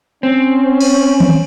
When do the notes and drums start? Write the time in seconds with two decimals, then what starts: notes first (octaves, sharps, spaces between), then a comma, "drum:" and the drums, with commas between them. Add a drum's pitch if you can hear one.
0.23 C4 C#4
0.81 drum: cymbal
1.20 drum: tom D#3